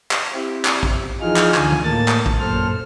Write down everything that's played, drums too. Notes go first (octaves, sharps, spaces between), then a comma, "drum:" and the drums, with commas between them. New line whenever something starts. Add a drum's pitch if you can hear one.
drum: clap
C4 E4 G4
drum: clap
drum: kick A#1
E3 F3 D#4 F4 G#4 F6
drum: clap
D2 D3 F4 G#5, drum: clap
drum: tom
A2 A#3 A5 A6
drum: clap
drum: kick A#1
F#2 A#2 A4 C5 F6